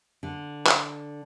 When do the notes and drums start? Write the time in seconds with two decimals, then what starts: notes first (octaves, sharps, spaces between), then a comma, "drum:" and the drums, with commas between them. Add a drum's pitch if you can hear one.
0.23 D3
0.67 drum: clap